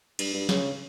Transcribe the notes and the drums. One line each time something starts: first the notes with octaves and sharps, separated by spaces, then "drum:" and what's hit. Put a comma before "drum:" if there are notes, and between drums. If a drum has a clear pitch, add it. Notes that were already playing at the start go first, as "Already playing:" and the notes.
G2, drum: cymbal
G2
C#3, drum: snare